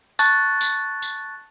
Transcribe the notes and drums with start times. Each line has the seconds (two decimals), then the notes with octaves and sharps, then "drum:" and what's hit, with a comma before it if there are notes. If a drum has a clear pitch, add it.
0.19 A5 C#6 F#6 A6, drum: tambourine
0.61 drum: tambourine
1.02 drum: tambourine